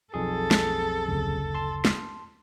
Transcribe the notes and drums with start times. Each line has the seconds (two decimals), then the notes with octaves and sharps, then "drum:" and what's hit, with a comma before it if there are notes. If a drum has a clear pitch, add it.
0.14 B1 F2 G#4 A4
0.51 drum: snare
1.08 F#1 D2 C#3
1.54 A5 C6
1.85 drum: snare